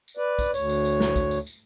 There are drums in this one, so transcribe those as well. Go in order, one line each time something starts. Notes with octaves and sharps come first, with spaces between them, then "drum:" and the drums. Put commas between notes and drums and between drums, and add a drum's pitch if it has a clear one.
drum: tambourine
B4 D5
drum: kick, tambourine
D2 C#5, drum: tambourine
drum: tambourine
drum: tambourine
drum: snare
drum: kick, tambourine
drum: tambourine
drum: tambourine